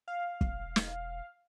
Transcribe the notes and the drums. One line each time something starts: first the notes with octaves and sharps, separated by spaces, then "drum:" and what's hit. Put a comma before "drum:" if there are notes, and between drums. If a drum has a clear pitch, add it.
F5
E1, drum: kick
drum: snare